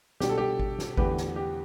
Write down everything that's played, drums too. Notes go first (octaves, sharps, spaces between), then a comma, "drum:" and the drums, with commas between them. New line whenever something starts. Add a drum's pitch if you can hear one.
B2 G3 D4 G4, drum: snare
A4
G4
drum: kick G#1
drum: snare
E2 D3 A3 G4 B4, drum: kick G#1
drum: snare
G4